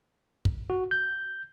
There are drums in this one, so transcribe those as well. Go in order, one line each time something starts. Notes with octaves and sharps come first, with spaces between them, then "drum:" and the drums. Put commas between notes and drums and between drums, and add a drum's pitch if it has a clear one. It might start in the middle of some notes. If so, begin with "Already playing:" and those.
drum: kick
F#4
G6